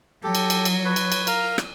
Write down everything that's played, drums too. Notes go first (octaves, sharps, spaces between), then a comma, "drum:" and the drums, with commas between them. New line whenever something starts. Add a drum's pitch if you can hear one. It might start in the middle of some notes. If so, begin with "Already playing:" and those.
F#3 G4 A4
drum: cymbal
drum: cymbal
drum: cymbal
B4 C#5
drum: cymbal
drum: cymbal
A#4 F5 A#5, drum: cymbal
drum: rim click